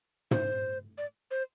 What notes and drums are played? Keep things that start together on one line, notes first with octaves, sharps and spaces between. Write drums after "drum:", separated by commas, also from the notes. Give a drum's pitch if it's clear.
C5, drum: tom
D5
C5